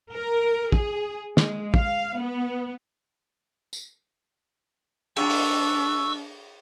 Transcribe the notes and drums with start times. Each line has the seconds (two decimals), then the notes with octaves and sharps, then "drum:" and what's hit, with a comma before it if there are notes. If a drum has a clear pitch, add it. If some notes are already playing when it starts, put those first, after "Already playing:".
0.13 A#4
0.72 G#4, drum: kick
1.37 G#3, drum: snare
1.74 F5, drum: kick
2.19 B3
3.73 drum: tambourine
5.16 D4 C#6 E6, drum: cymbal
5.30 drum: open hi-hat